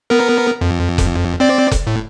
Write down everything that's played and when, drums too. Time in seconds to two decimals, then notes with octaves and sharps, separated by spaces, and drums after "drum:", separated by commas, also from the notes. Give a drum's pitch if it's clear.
0.10 B3 A#4
0.61 F2
0.98 drum: kick F1, hi-hat
1.40 C4 D5
1.71 drum: kick F1, hi-hat
1.87 A2